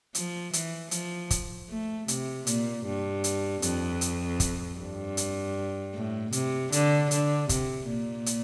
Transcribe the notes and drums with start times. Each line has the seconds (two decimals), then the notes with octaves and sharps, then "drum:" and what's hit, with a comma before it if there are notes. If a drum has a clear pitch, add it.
0.15 F3, drum: hi-hat
0.53 E3, drum: hi-hat
0.91 F3, drum: hi-hat
1.30 drum: kick, hi-hat
1.69 A3
2.08 C3, drum: hi-hat
2.47 A#2, drum: hi-hat
2.86 G2
3.24 drum: hi-hat
3.62 F2, drum: hi-hat
4.01 drum: hi-hat
4.40 drum: kick, hi-hat
4.78 G2
5.17 drum: hi-hat
5.94 A2
6.32 C3, drum: hi-hat
6.72 D3, drum: hi-hat
7.11 D3, drum: hi-hat
7.49 C3, drum: kick, hi-hat
7.88 A#2
8.26 drum: hi-hat